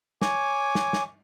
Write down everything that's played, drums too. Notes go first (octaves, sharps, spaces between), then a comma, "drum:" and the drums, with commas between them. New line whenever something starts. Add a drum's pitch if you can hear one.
C#5 G#5 D6, drum: snare
drum: snare
drum: snare